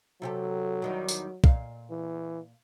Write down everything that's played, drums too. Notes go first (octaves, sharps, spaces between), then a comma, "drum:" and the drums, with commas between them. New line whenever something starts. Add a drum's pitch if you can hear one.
C3 F#3 G4 A4
E2 D#3 G3
drum: tambourine
A#2 F5, drum: kick
E3